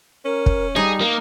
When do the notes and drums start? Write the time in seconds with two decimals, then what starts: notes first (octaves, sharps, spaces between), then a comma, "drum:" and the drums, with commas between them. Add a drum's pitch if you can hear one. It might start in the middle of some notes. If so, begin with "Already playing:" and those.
0.25 C#4 A#4
0.46 drum: kick
0.76 G3 D#4 G#4
1.01 A#3